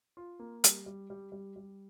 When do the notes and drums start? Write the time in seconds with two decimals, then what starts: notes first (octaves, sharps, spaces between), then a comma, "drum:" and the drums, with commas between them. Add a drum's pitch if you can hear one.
0.17 F4
0.39 A#3
0.64 G3, drum: hi-hat
0.86 G3
1.10 G3
1.32 G3
1.56 G3